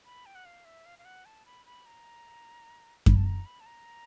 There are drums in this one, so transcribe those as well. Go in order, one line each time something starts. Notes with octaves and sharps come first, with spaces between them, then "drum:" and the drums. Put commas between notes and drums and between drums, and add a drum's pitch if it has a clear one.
B5
G5
F#5
F5
E5
F5
F5
F#5
A5
B5
B5
A#5
B5, drum: kick F#2
A5
A#5
B5
A5
A#5